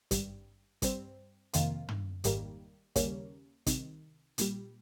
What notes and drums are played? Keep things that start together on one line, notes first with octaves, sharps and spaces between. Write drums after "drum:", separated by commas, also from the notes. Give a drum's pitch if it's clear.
G#1 G2 G3, drum: kick, hi-hat
G2 G3 C4, drum: kick, hi-hat
F2 C3 D#3 A#3 F4, drum: hi-hat
drum: tom
G#1 G#2 D#3 G3 A#3, drum: hi-hat
D#2 C#3 G3 A#3 C#4, drum: kick, hi-hat
C2 C3 D#3, drum: kick, hi-hat
A#1 A#2 G3, drum: hi-hat